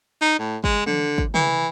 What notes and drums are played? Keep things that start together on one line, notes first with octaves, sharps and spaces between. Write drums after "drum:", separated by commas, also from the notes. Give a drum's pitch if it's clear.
D#4
A2
G#3, drum: kick
D3, drum: tom
drum: kick
E3, drum: tom